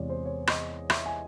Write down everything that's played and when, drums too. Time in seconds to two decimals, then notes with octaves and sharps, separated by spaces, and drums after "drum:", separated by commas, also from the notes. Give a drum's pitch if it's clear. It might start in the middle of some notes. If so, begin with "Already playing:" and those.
Already playing: E2 C3 E3 G#3 C#5 D5
0.10 C5
0.25 C#5
0.47 D#5, drum: rim click
0.90 E5, drum: rim click
1.06 G#5